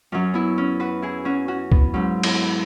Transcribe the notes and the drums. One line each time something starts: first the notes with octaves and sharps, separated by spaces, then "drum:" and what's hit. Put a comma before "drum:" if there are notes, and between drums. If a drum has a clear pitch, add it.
F#2 F#3 C#4
B3 E4
C#4
F#4 B4
E4 G#4
C#4 F#4
C#4 F#4
B3, drum: kick
G#2 F#3 C#4
B3 E4, drum: cymbal